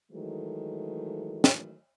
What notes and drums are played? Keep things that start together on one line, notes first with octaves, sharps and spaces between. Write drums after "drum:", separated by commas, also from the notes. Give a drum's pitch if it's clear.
D#3 E3 F#3 G#3 A3
drum: snare